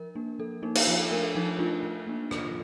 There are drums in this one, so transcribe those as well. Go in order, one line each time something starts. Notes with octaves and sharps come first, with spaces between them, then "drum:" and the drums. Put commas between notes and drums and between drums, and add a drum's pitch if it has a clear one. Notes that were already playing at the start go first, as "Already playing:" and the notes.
Already playing: F3 A#4
A#3 D4
F3 A4
A#3 D4 D#4
D#4, drum: cymbal
F3 F4
A4
A3 D4 A#4
A4
F3 D#4
A3 D4 F4
F3
A#3 D4
F3, drum: rim click